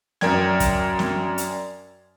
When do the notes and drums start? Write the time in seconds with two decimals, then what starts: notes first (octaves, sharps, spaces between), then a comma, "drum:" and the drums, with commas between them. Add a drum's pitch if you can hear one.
0.21 F#2 A#4 D5 G5 G#6, drum: snare
0.60 drum: kick, hi-hat
0.99 drum: snare
1.38 drum: hi-hat